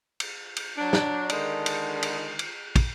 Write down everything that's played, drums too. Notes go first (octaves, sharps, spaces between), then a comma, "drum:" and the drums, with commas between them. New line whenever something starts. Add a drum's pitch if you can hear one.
drum: cymbal
drum: cymbal
F#3 D4
drum: snare
D3 D#3 G#3 D4 D#4, drum: cymbal
drum: cymbal
drum: cymbal
drum: cymbal
drum: kick, cymbal